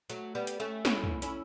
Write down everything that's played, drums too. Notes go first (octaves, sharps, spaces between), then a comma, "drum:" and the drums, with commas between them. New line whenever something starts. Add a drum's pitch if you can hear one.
F#3 A3, drum: hi-hat
G3 B3
drum: hi-hat
A3 C#4
C#4 E4, drum: snare
drum: tom
C#4 E4, drum: hi-hat